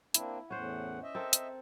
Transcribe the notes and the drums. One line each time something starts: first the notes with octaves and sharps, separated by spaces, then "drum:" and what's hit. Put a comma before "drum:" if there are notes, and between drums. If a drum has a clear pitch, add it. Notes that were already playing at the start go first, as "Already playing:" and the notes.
A#3 C4 D4 E4, drum: hi-hat
E2 A2 C#4 C5 F#5
D#5 E5
C4 A4 A#4
drum: hi-hat